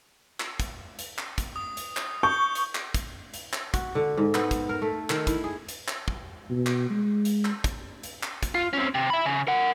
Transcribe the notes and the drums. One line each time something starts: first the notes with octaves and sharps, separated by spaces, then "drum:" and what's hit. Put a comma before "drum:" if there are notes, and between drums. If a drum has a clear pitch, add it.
drum: clap
drum: kick, hi-hat
drum: hi-hat
drum: clap
drum: kick, hi-hat
D#6
drum: hi-hat
drum: clap
C#6 G6 G7
drum: hi-hat
drum: clap
drum: kick, hi-hat
drum: hi-hat
drum: clap
F#4, drum: kick, hi-hat
D3
G#2
B3, drum: clap
drum: kick, hi-hat
A#4
A3
D#3, drum: clap
E4, drum: kick, hi-hat
G#4
drum: hi-hat
drum: clap
drum: kick
B2
drum: clap
G#3
drum: hi-hat
drum: clap
drum: kick, hi-hat
drum: hi-hat
drum: clap
drum: kick, hi-hat
F4
C4 C#4
C3
E5 B5
C#3
A#4 F#5